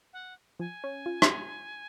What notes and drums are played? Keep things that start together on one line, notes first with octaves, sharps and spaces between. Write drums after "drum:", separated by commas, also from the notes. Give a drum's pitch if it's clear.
F#5
F3 G#5
C#4
F4
drum: rim click